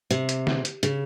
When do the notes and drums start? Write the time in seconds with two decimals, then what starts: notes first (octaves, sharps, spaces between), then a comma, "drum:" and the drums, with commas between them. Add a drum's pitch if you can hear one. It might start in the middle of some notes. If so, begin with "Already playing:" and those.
0.11 C3, drum: hi-hat
0.29 drum: hi-hat
0.47 drum: snare
0.65 drum: hi-hat
0.83 C#3, drum: hi-hat